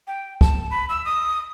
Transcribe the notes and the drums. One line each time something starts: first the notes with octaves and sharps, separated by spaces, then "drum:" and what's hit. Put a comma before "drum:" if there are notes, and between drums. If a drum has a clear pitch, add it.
G5
A5, drum: kick
B5
E6
D#6